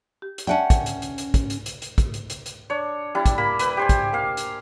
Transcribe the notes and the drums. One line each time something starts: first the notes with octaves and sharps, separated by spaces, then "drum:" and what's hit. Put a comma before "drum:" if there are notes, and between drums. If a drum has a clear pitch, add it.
G4
drum: hi-hat
C#4 D5 E5 F#5 G5 A5
drum: kick, hi-hat
drum: hi-hat
drum: hi-hat
drum: hi-hat
drum: kick, hi-hat
drum: hi-hat
drum: hi-hat
drum: hi-hat
drum: kick, hi-hat
drum: hi-hat
drum: hi-hat
drum: hi-hat
D4 C#5
G3 D4 E4
drum: kick, hi-hat
A#3 B5
B4, drum: hi-hat
G4 C5 G#5
drum: kick, hi-hat
A#3 F5
drum: hi-hat